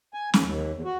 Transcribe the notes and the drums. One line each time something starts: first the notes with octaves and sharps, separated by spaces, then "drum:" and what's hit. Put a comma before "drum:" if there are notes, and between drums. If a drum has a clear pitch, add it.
G#5
D#2, drum: snare
D#2
E2
F#4